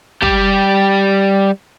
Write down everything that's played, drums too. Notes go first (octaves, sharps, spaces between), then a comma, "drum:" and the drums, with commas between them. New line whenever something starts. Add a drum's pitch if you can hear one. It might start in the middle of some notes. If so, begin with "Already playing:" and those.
G3 G4, drum: kick